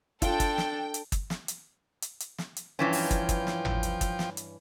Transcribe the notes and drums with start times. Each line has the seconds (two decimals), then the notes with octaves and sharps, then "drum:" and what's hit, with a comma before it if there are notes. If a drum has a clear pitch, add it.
0.22 D4 F4 A4 G5, drum: kick, hi-hat
0.40 drum: kick, hi-hat
0.58 drum: snare
0.94 drum: hi-hat
1.12 drum: kick, hi-hat
1.30 drum: snare
1.48 drum: hi-hat
2.02 drum: hi-hat
2.20 drum: hi-hat
2.38 drum: snare
2.56 drum: hi-hat
2.79 G2 E3 F3 C#4 G5
2.93 drum: open hi-hat
3.11 drum: kick, hi-hat
3.29 drum: kick, hi-hat
3.47 drum: snare
3.65 drum: tom G#1
3.83 drum: hi-hat
4.01 drum: kick, hi-hat
4.19 drum: snare
4.37 drum: hi-hat